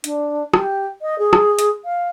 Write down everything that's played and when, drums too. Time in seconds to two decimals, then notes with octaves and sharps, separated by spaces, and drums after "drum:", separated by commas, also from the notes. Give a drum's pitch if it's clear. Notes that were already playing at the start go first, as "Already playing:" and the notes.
0.04 D4, drum: hi-hat
0.54 G4, drum: rim click
1.01 D#5
1.18 G#4
1.33 drum: rim click
1.59 drum: hi-hat
1.84 F5